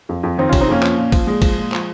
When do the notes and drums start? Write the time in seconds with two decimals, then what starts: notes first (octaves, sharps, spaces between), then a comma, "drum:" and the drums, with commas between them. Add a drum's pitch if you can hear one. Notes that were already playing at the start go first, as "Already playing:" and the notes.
0.09 F2
0.23 F2
0.38 D#3 C4 D#4
0.49 C#4 F4
0.53 C3, drum: kick, cymbal
0.61 C4 D#4
0.69 F2 A#3 C#4
0.82 F3, drum: clap
0.98 A#2
1.12 F3, drum: kick, cymbal
1.27 A#2 G#3
1.42 F3, drum: kick, cymbal
1.57 A#2
1.72 F3, drum: clap